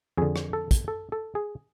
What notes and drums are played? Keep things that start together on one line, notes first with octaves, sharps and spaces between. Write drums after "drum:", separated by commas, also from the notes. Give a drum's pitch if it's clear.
F2 D3 G#4
drum: rim click
A4
drum: kick, hi-hat
A4
A4
G#4